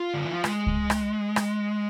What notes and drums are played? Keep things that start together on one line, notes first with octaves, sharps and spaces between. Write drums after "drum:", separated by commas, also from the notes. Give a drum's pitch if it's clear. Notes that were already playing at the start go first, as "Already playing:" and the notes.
Already playing: F4
D3
E3
F3
G#3, drum: rim click
drum: kick C#2
drum: rim click
drum: rim click